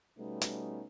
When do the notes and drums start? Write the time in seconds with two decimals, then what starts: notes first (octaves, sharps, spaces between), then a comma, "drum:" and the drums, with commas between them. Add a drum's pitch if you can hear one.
0.19 B2 G3 A3 B3 C#4 D#4
0.41 drum: hi-hat